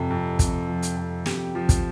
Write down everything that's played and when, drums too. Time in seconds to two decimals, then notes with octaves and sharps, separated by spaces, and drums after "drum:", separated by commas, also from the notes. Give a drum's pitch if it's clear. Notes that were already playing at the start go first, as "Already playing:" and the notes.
Already playing: F2 C3 A4
0.10 F2
0.39 C3, drum: kick, hi-hat
0.68 F3
0.82 drum: hi-hat
0.96 F2
1.26 F2 G4, drum: snare
1.55 F3
1.69 drum: kick, hi-hat